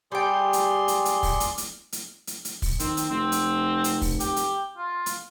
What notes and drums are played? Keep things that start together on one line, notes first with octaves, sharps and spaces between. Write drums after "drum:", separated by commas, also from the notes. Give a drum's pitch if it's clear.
G3 G#4 D5 G5 C6
drum: hi-hat
drum: hi-hat
drum: hi-hat
drum: kick, open hi-hat
drum: hi-hat
drum: hi-hat
drum: hi-hat
drum: hi-hat
drum: hi-hat
drum: kick, open hi-hat
D#3 C4, drum: hi-hat
drum: hi-hat
F1 C4
drum: hi-hat
drum: hi-hat
drum: kick, open hi-hat
G4, drum: hi-hat
drum: hi-hat
F4
drum: hi-hat